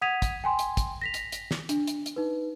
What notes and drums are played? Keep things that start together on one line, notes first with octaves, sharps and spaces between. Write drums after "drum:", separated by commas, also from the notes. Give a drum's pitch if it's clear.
F#5 D#6 G#6 B6 D#7 F7
drum: kick, hi-hat
G5 G#5 C6
drum: hi-hat
drum: kick, hi-hat
A#6 B6 F7
drum: hi-hat
drum: hi-hat
drum: snare
D4, drum: hi-hat
drum: hi-hat
drum: hi-hat
D#4 B4